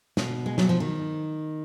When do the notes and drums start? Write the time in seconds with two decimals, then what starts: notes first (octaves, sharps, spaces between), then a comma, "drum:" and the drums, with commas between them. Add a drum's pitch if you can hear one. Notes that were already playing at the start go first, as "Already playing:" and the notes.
0.17 B2, drum: snare
0.46 G#3
0.58 F#3, drum: snare
0.69 F3
0.80 D#3